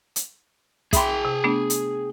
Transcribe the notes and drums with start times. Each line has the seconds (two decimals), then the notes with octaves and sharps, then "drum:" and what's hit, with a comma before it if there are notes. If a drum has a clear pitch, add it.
0.16 drum: hi-hat
0.93 G#4 E5 G5 B5 C6, drum: kick, hi-hat
1.25 C3
1.44 A3 B3 D4
1.70 drum: hi-hat